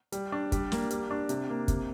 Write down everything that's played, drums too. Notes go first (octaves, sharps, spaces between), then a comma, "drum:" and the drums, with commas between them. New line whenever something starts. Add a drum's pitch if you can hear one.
G3, drum: hi-hat
D4
G3, drum: kick, hi-hat
A#3, drum: snare
G3, drum: hi-hat
D4
C3, drum: hi-hat
A#3
C3, drum: kick, hi-hat